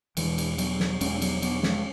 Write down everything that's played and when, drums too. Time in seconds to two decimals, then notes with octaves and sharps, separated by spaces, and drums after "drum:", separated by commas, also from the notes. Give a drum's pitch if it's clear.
0.17 E2 B2 E3 G#3, drum: cymbal
0.38 drum: cymbal
0.58 F#3 B3, drum: cymbal
0.80 drum: snare
1.01 E2 B2 G#3 C#4, drum: cymbal
1.22 F#3 B3, drum: cymbal
1.42 F#3 B3, drum: cymbal
1.63 G#3 C#4, drum: snare